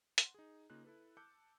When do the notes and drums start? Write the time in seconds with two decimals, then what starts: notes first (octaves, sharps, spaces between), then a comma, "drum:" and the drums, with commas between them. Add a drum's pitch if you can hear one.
0.18 F#5 C6, drum: hi-hat
0.34 D#4 G#4
0.70 C#3 A#3 D#4 F4 F#6
0.84 E4 A4 B4
1.17 A5 D6 E6 F#6 G6 C#7